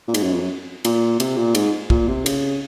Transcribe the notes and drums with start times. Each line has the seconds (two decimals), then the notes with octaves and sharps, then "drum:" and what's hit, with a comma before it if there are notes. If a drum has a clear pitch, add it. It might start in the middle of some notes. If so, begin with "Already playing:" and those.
0.08 A#2
0.14 G#2, drum: cymbal
0.23 F#2
0.32 F2
0.41 F#2
0.85 A#2, drum: cymbal
1.20 C3, drum: cymbal
1.37 A#2
1.55 G#2, drum: cymbal
1.90 A#2, drum: kick
2.08 C3
2.26 C#3, drum: cymbal